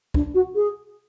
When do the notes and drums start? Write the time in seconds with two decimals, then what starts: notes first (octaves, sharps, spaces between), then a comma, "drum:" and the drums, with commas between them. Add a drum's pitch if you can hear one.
0.14 D4, drum: kick
0.34 F#4
0.55 G#4